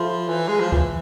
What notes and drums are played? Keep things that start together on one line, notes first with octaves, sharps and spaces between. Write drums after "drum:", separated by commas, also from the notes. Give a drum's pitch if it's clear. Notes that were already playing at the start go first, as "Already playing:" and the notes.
Already playing: F3 F4 A4 E5 C6
E3
G#3
F3
E3, drum: kick C#2